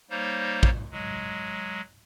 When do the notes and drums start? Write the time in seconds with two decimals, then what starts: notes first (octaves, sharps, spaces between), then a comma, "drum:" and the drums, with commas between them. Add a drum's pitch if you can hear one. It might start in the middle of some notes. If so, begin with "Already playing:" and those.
0.10 G3 A#3 D#4 C5 C#5
0.63 drum: kick
0.92 F#3 G#3